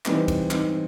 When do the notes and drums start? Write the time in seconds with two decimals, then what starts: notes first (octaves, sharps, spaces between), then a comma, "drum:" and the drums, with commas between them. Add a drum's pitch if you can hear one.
0.05 E3 G3 C4 D#4, drum: clap
0.28 drum: kick, cymbal
0.51 E3 G3 C4 D#4, drum: clap